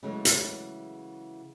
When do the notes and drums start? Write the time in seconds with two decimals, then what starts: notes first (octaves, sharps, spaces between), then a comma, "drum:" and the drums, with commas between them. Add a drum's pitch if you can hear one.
0.03 C#3 E3 F#3 G#3 A3
0.25 drum: hi-hat